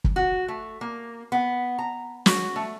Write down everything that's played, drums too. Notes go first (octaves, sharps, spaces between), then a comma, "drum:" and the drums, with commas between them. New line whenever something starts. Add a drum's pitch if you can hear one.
drum: kick
F#4
A3
A#3
B3
A#5
F#4, drum: snare
A3